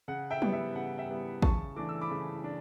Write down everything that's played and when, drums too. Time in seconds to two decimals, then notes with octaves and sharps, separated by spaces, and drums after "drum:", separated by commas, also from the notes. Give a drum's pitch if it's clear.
0.08 C#3 F#5
0.30 E5 G5
0.42 G3 B3 E4, drum: tom
0.53 E5
0.75 C#3 F#5
0.98 E5 G5
1.09 G3 B3 E4
1.42 C#3 A5 C#6, drum: kick A1
1.76 E3 A3 D4 D6
1.89 E6
2.01 B5 D6
2.11 C#3
2.44 D4